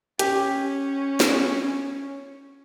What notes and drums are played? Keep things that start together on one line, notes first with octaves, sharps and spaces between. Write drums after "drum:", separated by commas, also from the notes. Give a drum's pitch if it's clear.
C#4 G4, drum: hi-hat
drum: snare